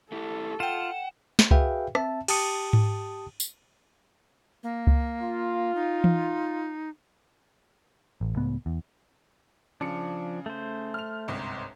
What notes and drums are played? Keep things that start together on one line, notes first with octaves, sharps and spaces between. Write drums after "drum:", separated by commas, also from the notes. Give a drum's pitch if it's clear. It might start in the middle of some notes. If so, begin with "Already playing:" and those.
A3 E4 G4 A4
F4 F#5 G5 E7
drum: snare
F#4 G#4 B4 E5 F5 G5, drum: kick C#2
C4 E5 A5, drum: rim click
G4 G5 A5 D#6 C#7, drum: cymbal
drum: tom G#2
drum: tambourine
A#3
drum: kick C#2
F4
D#4
drum: tom E3
A1
C#2 A2 B3
E2
C#3 F3 D4 C#7
A3 C5
F6 F7
G1 C2 G#2